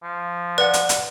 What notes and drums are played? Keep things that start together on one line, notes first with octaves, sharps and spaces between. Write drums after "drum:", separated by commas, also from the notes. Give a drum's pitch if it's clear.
F3
B4 D5 F#5
drum: hi-hat
drum: hi-hat